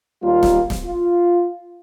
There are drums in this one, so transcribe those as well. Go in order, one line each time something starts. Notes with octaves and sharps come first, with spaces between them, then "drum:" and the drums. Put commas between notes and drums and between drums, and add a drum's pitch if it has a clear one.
D#2 G3 A#3 F4
drum: snare
drum: snare
F4